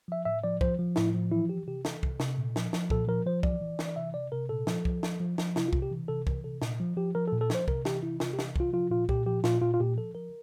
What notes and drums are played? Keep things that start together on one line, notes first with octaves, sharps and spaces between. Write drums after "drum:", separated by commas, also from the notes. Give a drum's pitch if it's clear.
F3 E5
A2 E5
F3 D5
F3 C5, drum: kick C2
F3
A2 E4, drum: snare
F3
E3 E4
E3 G4
C3 G4
E3 A4, drum: snare
C3, drum: kick C2
C3, drum: snare
A#2
F3, drum: snare
F3, drum: snare
A#2 A4, drum: kick C2
F3 A#4
F3 C5
E3 D5, drum: kick C2
E3
E3, drum: snare
D5
C3 E5
C3 D5
C3 A#4
A#2 A4
F3, drum: snare
F3, drum: kick C2
F3, drum: snare
F3
F3, drum: snare
C3 E4, drum: snare
F4
C3, drum: kick C2
G4
E3
C3 A4
E3 A#4, drum: kick C2
C3 A4
A#2, drum: snare
F3
F3 G4
F3 A#4
A4
A#2
A4
F3 C5, drum: snare
C3 A#4, drum: kick C2
E3 G4, drum: snare
C3 E4
C3 F4, drum: snare
G4
E3, drum: snare
C3 F4, drum: kick C2
F3 F4
A#2 F4
A#2 G4, drum: kick C2
F3 G4
A#2 F4, drum: snare
A#2 F4
F4
A#2 G4
F3 A4
F3 A#4